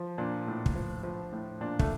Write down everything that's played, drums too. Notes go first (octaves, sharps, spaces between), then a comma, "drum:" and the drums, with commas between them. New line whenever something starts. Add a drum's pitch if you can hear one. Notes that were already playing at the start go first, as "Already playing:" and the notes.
Already playing: F3
A#2 D4
A2
drum: kick
F3
F3
A2
A#2 D4
A3, drum: kick